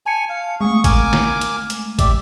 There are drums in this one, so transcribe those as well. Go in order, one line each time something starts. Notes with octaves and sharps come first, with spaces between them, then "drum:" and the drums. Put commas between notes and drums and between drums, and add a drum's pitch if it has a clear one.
G#5 A5 C#7
F5
G#3 A3 G#4 C#6
A#4 G#5 D6, drum: kick, hi-hat
drum: snare
drum: hi-hat
drum: hi-hat
G4 D5 E5, drum: kick, hi-hat